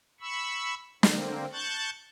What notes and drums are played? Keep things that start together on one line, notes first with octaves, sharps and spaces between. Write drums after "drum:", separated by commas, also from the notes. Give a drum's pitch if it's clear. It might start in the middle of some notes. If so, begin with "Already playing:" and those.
B5 C#6 E6
D3 A#3 C4, drum: snare
A5 C#6 F#6 G6 A6